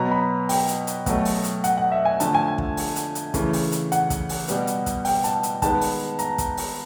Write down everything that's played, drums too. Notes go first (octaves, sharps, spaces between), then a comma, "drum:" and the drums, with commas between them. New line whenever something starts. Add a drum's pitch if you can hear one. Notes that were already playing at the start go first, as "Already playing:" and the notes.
Already playing: B2 F#3 B3 A#5
B5
G5, drum: open hi-hat
drum: hi-hat
drum: hi-hat
B2 F#3 A3, drum: kick, hi-hat
drum: open hi-hat
drum: hi-hat
F#5, drum: hi-hat
F#5
E5
G#5
D3 F3 A3 A5, drum: hi-hat
G#5
G#5
drum: kick
drum: open hi-hat
drum: hi-hat
drum: hi-hat
C#3 E3 A3, drum: kick, hi-hat
drum: open hi-hat
drum: hi-hat
F#5, drum: hi-hat
drum: kick, hi-hat
drum: open hi-hat
B2 G3 B3, drum: hi-hat
drum: hi-hat
drum: kick, hi-hat
G5, drum: open hi-hat
A5, drum: hi-hat
drum: hi-hat
D#3 G#3 B3 A5, drum: kick, hi-hat
drum: open hi-hat
A#5, drum: hi-hat
drum: kick, hi-hat
drum: open hi-hat